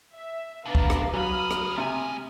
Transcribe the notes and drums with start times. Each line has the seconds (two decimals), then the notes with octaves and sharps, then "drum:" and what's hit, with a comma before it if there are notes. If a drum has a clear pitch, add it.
0.14 E5
0.65 B2 D4 B4 F5 A#5
0.75 drum: kick
0.90 drum: rim click
1.13 C#3 F#3 B5 D#6 F6
1.51 drum: rim click
1.78 C3 A3 G#5